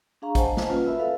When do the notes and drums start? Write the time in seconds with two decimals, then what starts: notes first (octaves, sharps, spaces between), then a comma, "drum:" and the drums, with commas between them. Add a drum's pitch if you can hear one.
0.22 D4 G#4 F5 A#5 C#6
0.35 C5 D#5 F#5 G#5 A5, drum: kick, hi-hat
0.57 drum: snare
0.69 A#3 C#4 F4 B4
0.86 F#4 A#4 E5 B5 E6
0.99 A4 B4 F5